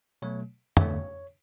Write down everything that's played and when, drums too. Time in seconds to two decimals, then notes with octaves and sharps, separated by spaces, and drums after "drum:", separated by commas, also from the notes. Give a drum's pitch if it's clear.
0.22 B2 F#3 A3 C#5
0.77 E2 D3 A3 C#5, drum: tom